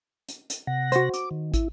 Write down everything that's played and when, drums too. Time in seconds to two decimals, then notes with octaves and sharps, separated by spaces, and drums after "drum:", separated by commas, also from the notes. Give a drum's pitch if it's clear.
0.29 drum: hi-hat
0.50 drum: hi-hat
0.67 C3 F#5 A#6
0.92 F#4 C5, drum: hi-hat
1.14 D6, drum: hi-hat
1.31 D#3
1.54 E4, drum: kick, hi-hat